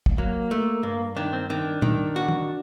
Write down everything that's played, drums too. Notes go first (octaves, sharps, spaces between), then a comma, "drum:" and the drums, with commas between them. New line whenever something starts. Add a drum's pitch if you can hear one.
drum: kick
F#3 A#3
A3
G2 A#3
D#3 D4
C4
D#3 D4
D#3, drum: tom
F#4
drum: tom